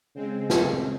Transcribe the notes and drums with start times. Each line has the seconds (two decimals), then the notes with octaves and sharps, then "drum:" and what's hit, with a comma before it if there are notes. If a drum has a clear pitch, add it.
0.15 C#3 G#3 C4
0.50 drum: snare